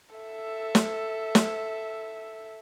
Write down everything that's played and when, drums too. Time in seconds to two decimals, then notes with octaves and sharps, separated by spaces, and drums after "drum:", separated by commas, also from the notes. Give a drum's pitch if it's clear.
0.15 A4 E5
0.75 drum: snare
1.35 drum: snare